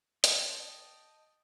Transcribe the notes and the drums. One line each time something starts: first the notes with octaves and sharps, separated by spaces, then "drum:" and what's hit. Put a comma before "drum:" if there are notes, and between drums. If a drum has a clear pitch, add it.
D#5 G5 A5, drum: hi-hat